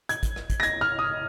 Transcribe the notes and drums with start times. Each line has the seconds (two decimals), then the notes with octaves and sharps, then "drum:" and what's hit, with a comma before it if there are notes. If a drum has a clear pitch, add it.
0.09 G#6, drum: hi-hat
0.23 drum: kick, hi-hat
0.36 drum: rim click
0.50 drum: kick, hi-hat
0.60 A#6
0.63 G#6, drum: hi-hat
0.81 F6
0.99 D#6